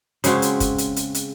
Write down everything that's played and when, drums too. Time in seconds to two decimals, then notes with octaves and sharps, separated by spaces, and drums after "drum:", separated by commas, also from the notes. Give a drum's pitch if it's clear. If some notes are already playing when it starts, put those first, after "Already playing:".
0.24 C#3 G#3 C4 F#4, drum: hi-hat
0.42 drum: hi-hat
0.60 drum: kick, hi-hat
0.78 drum: hi-hat
0.96 drum: hi-hat
1.14 drum: hi-hat